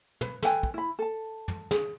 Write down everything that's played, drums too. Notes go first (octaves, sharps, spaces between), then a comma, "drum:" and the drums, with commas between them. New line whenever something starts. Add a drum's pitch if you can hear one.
B4, drum: tom
A4 B4 G5 G#5, drum: snare
drum: kick
E4 B5
A4 A5
drum: tom
G#4, drum: snare